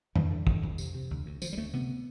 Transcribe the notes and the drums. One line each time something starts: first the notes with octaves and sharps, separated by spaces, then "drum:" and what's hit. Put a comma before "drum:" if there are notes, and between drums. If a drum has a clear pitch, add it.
D3 E3, drum: tom
D3
D3, drum: kick
F2
C3, drum: tambourine
C3
D2
D2
D2 F3, drum: tambourine
G3
D2 A3
C3 B3